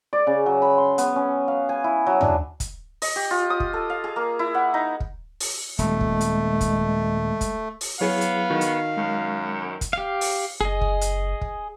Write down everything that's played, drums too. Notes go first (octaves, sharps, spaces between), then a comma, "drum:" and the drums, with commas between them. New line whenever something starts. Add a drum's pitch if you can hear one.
D5
C#3
F#3
B5
C6
B3, drum: hi-hat
C#4
F5
G#5
E4
F#3
D4, drum: tom
drum: kick, hi-hat
D#5, drum: open hi-hat
G4
F4
D#6
drum: kick
A4
F5
G#4
A#3
E4
F#5
D#4
drum: kick
drum: open hi-hat
D#1 G#3 A3, drum: hi-hat
drum: kick
drum: hi-hat
drum: kick, hi-hat
drum: kick, hi-hat
drum: open hi-hat
F#3 B3 E4 G#4 C#5 F5
drum: hi-hat
D#3 F#4
drum: hi-hat
F#2 G#3
drum: kick, hi-hat
G4 F5
drum: open hi-hat
F#1 G#4 D#5
drum: kick
drum: hi-hat
drum: kick